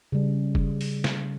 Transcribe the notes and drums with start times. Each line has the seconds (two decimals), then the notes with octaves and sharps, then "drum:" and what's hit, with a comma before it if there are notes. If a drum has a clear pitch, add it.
0.12 C#3 G3
0.55 drum: kick
0.81 drum: open hi-hat
1.04 drum: snare